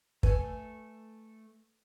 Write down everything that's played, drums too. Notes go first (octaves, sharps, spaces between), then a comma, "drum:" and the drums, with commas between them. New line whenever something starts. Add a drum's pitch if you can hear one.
A3 A4 B4 G#5, drum: kick